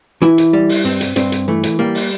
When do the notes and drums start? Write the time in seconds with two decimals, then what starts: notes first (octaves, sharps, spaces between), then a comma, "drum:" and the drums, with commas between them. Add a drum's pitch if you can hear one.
0.22 E3 E4
0.38 drum: hi-hat
0.53 G3
0.69 drum: open hi-hat
0.84 G2 C4
1.01 drum: hi-hat
1.16 G2 C4, drum: hi-hat
1.32 drum: hi-hat
1.48 E3 A3
1.63 drum: hi-hat
1.79 G3 A#3
1.95 drum: open hi-hat